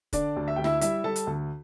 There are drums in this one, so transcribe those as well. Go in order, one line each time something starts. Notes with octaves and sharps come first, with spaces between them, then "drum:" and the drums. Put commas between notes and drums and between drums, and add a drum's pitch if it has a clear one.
D3 D4 D5, drum: kick, hi-hat
D2
E5
D2 G5
E4 E5, drum: snare
G3 E4 E5, drum: hi-hat
G3 A4 A5
drum: hi-hat
D2